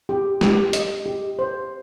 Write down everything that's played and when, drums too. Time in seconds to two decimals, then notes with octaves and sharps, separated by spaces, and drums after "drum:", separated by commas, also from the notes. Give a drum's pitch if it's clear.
0.09 G4
0.41 G4, drum: snare
0.73 D#5, drum: hi-hat
1.06 G4
1.39 C5